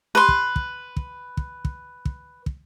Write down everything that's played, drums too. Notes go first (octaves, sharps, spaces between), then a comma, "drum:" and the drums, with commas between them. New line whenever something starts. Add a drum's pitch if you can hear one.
B4 C6
drum: kick
drum: kick
drum: kick
drum: kick
drum: kick
drum: kick
drum: kick